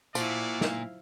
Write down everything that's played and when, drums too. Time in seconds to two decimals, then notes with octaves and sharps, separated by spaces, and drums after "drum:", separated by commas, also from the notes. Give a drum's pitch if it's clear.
0.15 A#2 F3 E4 F#4 D5 F5, drum: tambourine
0.61 drum: snare